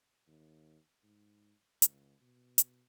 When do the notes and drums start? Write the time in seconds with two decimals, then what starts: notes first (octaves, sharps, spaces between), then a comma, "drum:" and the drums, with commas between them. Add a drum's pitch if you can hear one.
0.28 D#2
1.04 G#2
1.82 C#2, drum: hi-hat
2.21 B2
2.58 drum: hi-hat